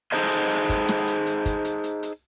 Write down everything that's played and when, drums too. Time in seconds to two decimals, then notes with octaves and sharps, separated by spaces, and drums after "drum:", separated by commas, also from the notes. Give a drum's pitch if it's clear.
0.12 D#4 G#4 A4 C5 D#5
0.31 drum: hi-hat
0.50 drum: hi-hat
0.69 drum: kick, hi-hat
0.88 drum: snare
1.08 drum: hi-hat
1.27 drum: hi-hat
1.46 drum: kick, hi-hat
1.65 drum: hi-hat
1.84 drum: hi-hat
2.03 drum: hi-hat